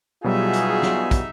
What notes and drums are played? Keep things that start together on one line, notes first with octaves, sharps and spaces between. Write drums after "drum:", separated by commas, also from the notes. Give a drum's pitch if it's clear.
B2 F#3 G3 D#4 F4 F#4 G#4 E5
drum: hi-hat
drum: snare
drum: kick, hi-hat